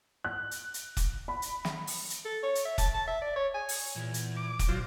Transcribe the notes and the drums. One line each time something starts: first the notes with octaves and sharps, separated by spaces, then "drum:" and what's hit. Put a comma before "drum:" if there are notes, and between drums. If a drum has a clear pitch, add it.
F#6
drum: hi-hat
drum: hi-hat
drum: kick, hi-hat
B5
drum: hi-hat
drum: snare
drum: open hi-hat
drum: hi-hat
A4
C#5
drum: hi-hat
E5
A5, drum: kick, hi-hat
A5
E5
D5
C#5
G#5
drum: open hi-hat
E2 A#2 E3
drum: hi-hat
D6
drum: kick, hi-hat
A#2 F#3 F4 C5